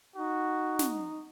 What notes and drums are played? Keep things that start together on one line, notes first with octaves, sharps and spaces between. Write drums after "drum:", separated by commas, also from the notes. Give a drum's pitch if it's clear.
D#4 F#4
drum: snare